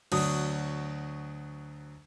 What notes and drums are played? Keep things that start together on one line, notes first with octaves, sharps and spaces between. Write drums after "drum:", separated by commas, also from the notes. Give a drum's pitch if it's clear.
D2 F#3 D#6, drum: cymbal